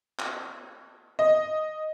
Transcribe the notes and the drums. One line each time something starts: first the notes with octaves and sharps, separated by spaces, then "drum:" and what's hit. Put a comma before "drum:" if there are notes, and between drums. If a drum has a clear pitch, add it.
drum: clap
D#5